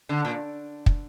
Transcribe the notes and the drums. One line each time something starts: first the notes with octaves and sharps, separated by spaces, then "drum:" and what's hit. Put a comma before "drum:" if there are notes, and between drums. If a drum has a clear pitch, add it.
D3
A#2
drum: kick